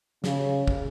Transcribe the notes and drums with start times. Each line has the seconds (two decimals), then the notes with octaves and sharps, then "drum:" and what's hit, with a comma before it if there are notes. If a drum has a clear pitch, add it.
0.24 C#3, drum: snare
0.68 drum: kick